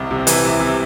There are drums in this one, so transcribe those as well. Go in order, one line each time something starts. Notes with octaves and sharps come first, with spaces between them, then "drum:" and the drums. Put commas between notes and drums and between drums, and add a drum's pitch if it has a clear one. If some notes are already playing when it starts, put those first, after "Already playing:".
Already playing: C2 C3
C3
E3, drum: hi-hat
C3
C3